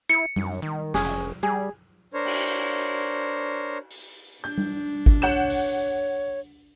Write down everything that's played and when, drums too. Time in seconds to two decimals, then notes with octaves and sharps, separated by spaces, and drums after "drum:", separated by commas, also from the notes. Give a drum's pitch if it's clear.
0.09 E4 C#7
0.36 F#2, drum: tom G3
0.62 D#3
0.94 F1 C#4 G#4, drum: snare
1.43 G3 G#4
2.14 D4 A#4 C5 C#5
2.25 drum: cymbal
3.90 drum: open hi-hat
4.44 D4 G6
4.58 drum: tom G3
5.06 drum: kick
5.22 C#5 F#5 G6 E7
5.50 drum: open hi-hat